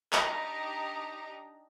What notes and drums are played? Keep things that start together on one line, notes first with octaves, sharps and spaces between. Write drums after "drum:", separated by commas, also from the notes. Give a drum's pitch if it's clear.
D4 D#4 G4 A#5, drum: clap